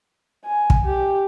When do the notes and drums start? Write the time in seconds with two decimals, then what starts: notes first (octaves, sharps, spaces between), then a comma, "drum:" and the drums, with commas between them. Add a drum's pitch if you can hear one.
0.45 G#5
0.70 drum: kick
0.85 G4